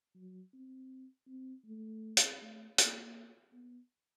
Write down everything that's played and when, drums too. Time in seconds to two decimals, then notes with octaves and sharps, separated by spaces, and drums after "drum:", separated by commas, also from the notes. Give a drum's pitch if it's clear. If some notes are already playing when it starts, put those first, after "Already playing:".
0.16 F#3
0.54 C4
1.27 C4
1.66 A3
2.17 drum: hi-hat
2.41 A3
2.78 A#3, drum: hi-hat
3.53 B3